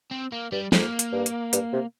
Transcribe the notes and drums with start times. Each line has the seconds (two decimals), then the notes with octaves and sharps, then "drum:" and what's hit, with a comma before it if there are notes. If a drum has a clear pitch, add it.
0.11 C4
0.32 A#3
0.52 G2 G3
0.72 F2 A#3, drum: snare
0.99 drum: hi-hat
1.13 G2
1.26 drum: hi-hat
1.53 G2, drum: hi-hat
1.73 C3